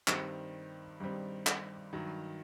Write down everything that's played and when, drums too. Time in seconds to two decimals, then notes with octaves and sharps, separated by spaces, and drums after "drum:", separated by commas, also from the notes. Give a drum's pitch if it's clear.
0.08 G2 D#3 G3 C4, drum: clap
1.00 G2 D#3 G3 C4
1.47 drum: clap
1.93 G2 D#3 F#3